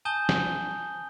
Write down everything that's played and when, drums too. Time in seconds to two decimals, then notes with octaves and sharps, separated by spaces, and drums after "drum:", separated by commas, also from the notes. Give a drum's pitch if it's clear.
0.05 G#5 A5 D#6 G6 G7
0.29 drum: snare